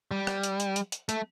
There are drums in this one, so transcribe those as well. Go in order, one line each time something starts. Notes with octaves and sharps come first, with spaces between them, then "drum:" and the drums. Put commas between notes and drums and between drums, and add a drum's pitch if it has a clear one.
G3
drum: rim click
drum: hi-hat
drum: hi-hat
drum: hi-hat
drum: hi-hat
A3, drum: hi-hat